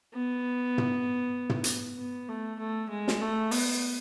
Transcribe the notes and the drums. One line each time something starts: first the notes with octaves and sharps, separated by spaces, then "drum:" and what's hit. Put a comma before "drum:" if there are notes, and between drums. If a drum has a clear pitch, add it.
B3
drum: tom
drum: tom
drum: hi-hat
B3
A3
A3
G#3
drum: snare
A3
B3, drum: open hi-hat